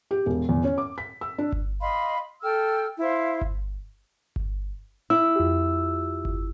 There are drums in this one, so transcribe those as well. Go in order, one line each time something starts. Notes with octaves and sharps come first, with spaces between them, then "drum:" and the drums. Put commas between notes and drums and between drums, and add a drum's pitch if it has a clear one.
G4
E1
E2
C#4
D6
B6
E6
D4
drum: kick G1
D#5 F5 B5 C6
A4 G5 E6 F6
E4 C5 F5 C6
drum: kick G1
drum: kick G1
E4 E6
F2 F4 G4
drum: kick G1